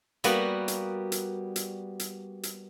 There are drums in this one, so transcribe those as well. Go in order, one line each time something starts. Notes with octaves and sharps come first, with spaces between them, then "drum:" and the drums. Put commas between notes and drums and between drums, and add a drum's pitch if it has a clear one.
G3 A#3 B3 F#4, drum: hi-hat
drum: hi-hat
drum: hi-hat
drum: hi-hat
drum: hi-hat
drum: hi-hat